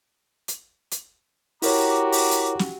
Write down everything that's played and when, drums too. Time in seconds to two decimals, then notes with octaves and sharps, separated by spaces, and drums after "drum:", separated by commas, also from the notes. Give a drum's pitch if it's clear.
0.48 drum: hi-hat
0.91 drum: hi-hat
1.62 E4 F#4 G4 A#4 C#5 A#5 D6, drum: open hi-hat
2.12 drum: open hi-hat
2.31 drum: hi-hat
2.59 drum: snare